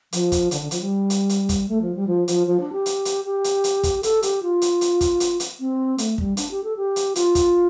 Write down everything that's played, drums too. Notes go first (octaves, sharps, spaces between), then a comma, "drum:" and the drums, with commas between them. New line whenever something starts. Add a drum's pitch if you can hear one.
F3, drum: hi-hat
drum: kick, hi-hat
D3, drum: hi-hat
D3
F3, drum: hi-hat
G3
drum: hi-hat
drum: hi-hat
drum: kick, hi-hat
A3
F3
G3
F3
F3, drum: hi-hat
F3
D4
G4
drum: hi-hat
drum: hi-hat
G4
drum: hi-hat
drum: hi-hat
drum: kick, hi-hat
A4, drum: hi-hat
G4, drum: hi-hat
F4
drum: hi-hat
drum: hi-hat
drum: kick, hi-hat
drum: hi-hat
drum: hi-hat
C4
A3, drum: hi-hat
G3, drum: kick
D4, drum: hi-hat
G4
A4
G4
drum: hi-hat
F4, drum: hi-hat
drum: kick, hi-hat